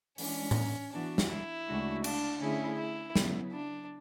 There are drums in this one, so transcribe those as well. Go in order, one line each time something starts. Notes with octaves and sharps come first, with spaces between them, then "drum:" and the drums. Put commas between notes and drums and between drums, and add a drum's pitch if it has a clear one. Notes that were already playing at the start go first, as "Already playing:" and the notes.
E3 G#3 C#4 D4, drum: open hi-hat
drum: tom A2
E3 B3 D4 F#4
drum: snare
E4
D2 C#3 G#3 D4 F#4
D4, drum: cymbal
D3 A3 C#4 E4 G#4
E4
C#3 F#3 B3 E4, drum: snare
D4